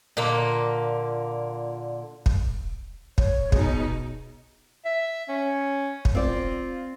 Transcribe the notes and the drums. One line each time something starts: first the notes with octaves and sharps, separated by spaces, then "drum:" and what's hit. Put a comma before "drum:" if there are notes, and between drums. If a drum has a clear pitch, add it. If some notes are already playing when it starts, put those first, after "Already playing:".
A#2 D3 A#3
drum: kick
C#5, drum: kick
B2 D#4 G#4, drum: kick
E5
C#4
drum: kick
C4 F4 D5